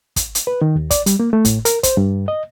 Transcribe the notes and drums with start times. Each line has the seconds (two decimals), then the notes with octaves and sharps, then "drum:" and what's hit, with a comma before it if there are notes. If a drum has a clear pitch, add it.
0.16 drum: kick, hi-hat
0.35 drum: hi-hat
0.47 B4
0.62 D#3
0.76 D#2
0.91 D5, drum: kick, hi-hat
1.06 G3, drum: hi-hat
1.20 A#3
1.33 A3
1.45 A2, drum: kick, hi-hat
1.65 A#4, drum: hi-hat
1.83 C5, drum: kick, hi-hat
1.97 G2
2.28 D#5